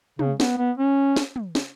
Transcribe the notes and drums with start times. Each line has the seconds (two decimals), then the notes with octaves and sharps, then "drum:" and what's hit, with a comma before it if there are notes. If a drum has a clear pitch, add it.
0.19 C#3, drum: tom
0.40 B3, drum: snare
0.58 B3
0.78 C#4
1.16 drum: snare
1.36 drum: tom
1.55 drum: snare